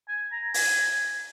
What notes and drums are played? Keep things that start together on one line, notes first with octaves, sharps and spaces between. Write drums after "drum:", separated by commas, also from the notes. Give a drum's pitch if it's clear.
G#5
A#5
G#5, drum: open hi-hat